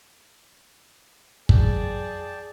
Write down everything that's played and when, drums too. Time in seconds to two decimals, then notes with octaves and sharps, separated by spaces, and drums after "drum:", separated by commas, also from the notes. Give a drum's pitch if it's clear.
1.49 F2 E3 F#3 G#4 D5 G5 A5, drum: kick